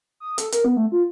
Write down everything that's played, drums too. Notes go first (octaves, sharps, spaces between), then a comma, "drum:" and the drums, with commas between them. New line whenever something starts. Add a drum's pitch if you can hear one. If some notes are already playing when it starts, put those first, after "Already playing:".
D#6
A4, drum: hi-hat
A#4, drum: hi-hat
B3
A3
F4